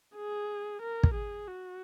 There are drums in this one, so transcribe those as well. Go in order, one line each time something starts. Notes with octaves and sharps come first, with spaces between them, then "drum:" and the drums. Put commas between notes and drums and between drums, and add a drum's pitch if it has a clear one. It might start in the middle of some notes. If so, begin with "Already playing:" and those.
G#4
A#4
drum: kick
G#4
F#4